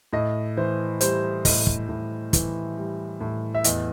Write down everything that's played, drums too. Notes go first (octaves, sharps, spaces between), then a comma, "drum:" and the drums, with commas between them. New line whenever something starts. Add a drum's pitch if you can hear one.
A2 D#5
E3 C5
G3 C5, drum: hi-hat
A2 D#5, drum: kick, open hi-hat
drum: kick
A2
E3, drum: kick, hi-hat
G3
A2
E5
E2 D#5, drum: hi-hat